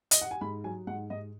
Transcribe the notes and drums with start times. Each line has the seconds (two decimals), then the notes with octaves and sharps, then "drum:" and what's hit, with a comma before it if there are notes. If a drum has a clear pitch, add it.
0.11 D#5, drum: hi-hat
0.22 F#5
0.31 G#5
0.41 G#2 B5
0.64 F#3 G#5
0.87 G#2 F#5
1.10 G#2 D#5